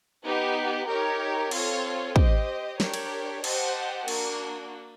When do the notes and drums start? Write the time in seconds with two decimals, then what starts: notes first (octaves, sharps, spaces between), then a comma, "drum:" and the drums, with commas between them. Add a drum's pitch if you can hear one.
0.24 B3 D#4 G4
0.88 D#4 G4 A#4 C#5
1.51 C4 F4 A4 C#5, drum: cymbal
2.16 G4 C5 D#5, drum: kick
2.80 D4 G4 A#4 C#5, drum: snare
2.94 drum: cymbal
3.44 G4 C5 D#5 F#5 A5, drum: cymbal
4.08 A#3 D4 F#4, drum: cymbal